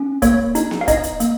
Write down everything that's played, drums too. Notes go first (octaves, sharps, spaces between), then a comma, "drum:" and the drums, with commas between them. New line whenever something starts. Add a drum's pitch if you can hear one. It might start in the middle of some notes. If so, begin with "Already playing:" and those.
Already playing: C#4
A#3 C#5, drum: kick, hi-hat
D#4, drum: hi-hat
drum: snare B3
F5
D#4 D#5, drum: kick, hi-hat
drum: hi-hat
A#3, drum: hi-hat